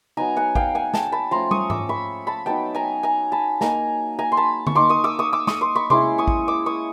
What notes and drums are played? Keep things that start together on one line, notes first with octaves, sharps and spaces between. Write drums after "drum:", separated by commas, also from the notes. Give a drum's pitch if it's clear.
F#3 B3 D#4 G#5 A#5
F#5 G#5
F5 G5, drum: kick A1
F#5 G#5
G5 A5, drum: snare
A5 B5
F3 A3 C#4 A#5 C6
C#6 D#6, drum: tom
D6 E6, drum: tom G#2
B5 C#6
A5 B5
F#3 B3 D#4 G5 A5
G#5 A#5
G#5 A#5
A5 B5
A#3 D#4 G#5 A#5, drum: snare
G#5 A#5
C6
A5 B5
C#6, drum: tom D3
A#3 D#4 C6 D6
C#6 D#6
D6 E6
C#6 D#6
D6 E6
C#6 D#6, drum: snare
C6 D6
B5 C#6
G#3 C#4 E4 C6 D6, drum: tom C3
C#6 D#6
drum: kick A1
D6 E6
C#6 D#6